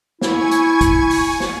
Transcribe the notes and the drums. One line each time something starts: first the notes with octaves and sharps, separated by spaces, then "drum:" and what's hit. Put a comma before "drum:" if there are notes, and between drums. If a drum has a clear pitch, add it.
E4 G#5 C#6 G#6, drum: snare
drum: hi-hat
drum: kick, hi-hat
drum: open hi-hat
drum: snare